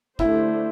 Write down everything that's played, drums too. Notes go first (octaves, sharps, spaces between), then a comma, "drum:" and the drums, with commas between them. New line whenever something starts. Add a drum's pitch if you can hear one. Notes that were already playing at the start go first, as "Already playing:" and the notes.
D3 A3 D4 E4 G4 C5, drum: kick